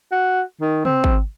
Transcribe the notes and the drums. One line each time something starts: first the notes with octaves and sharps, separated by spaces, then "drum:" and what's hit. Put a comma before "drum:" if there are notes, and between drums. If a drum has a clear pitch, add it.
F#4
D#3
C4, drum: tom C3
drum: kick G#1